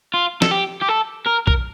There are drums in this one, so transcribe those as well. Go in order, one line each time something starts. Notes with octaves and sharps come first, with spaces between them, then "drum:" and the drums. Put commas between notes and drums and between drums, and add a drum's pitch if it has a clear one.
F4
A4, drum: snare
G4
G4
A4
A#4
A#4, drum: kick B1